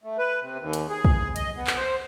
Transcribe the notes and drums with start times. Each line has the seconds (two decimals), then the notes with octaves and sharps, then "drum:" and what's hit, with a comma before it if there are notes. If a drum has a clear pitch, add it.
0.04 A3
0.18 B4
0.41 C3
0.60 D#2
0.73 drum: hi-hat
0.89 G#4
1.05 drum: kick
1.36 D#5, drum: hi-hat
1.57 B3
1.67 drum: clap
1.77 C5